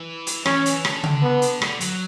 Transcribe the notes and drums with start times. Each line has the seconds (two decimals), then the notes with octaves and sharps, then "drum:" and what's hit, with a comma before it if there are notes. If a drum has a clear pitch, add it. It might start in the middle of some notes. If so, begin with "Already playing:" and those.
Already playing: E3
0.27 drum: hi-hat
0.46 E3 C#4, drum: rim click
0.66 E3, drum: hi-hat
0.85 D3, drum: rim click
1.03 drum: tom C#3
1.23 B3
1.42 drum: hi-hat
1.62 D3, drum: rim click
1.80 F#3, drum: hi-hat